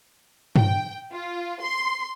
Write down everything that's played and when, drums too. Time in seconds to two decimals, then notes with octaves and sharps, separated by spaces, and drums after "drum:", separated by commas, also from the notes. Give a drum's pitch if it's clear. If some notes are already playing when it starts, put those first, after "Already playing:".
0.56 G5, drum: tom G2
1.13 F4
1.62 C6